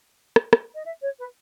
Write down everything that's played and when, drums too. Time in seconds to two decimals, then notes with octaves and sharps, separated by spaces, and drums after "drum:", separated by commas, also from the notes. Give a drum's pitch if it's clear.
0.36 drum: rim click
0.53 drum: rim click
0.75 D#5
0.86 E5
1.02 C#5
1.19 B4